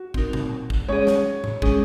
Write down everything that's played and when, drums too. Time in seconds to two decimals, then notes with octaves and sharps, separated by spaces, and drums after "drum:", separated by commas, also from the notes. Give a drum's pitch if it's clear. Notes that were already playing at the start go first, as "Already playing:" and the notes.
Already playing: F#4
0.14 C4 D#4 A#4, drum: kick
0.33 drum: tom A#2
0.70 drum: kick
0.88 G#3 C#4 G#4 C#5
1.07 drum: snare
1.44 drum: tom G#2
1.62 G#3 C#4 G#4, drum: kick